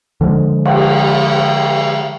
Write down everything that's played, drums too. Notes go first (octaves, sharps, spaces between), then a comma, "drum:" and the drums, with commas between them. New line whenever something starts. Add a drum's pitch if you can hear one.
D3 F3 G3 G#3
drum: cymbal